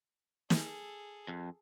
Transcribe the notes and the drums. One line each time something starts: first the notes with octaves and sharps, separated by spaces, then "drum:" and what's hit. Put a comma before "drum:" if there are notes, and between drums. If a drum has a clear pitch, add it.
G#4 A4, drum: snare
F2